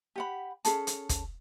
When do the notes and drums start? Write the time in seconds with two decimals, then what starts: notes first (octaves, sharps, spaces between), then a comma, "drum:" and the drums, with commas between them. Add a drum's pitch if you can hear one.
0.16 G4 F#5 B5
0.65 C#4 G#4 A4 A5, drum: hi-hat
0.87 drum: hi-hat
1.09 drum: kick, hi-hat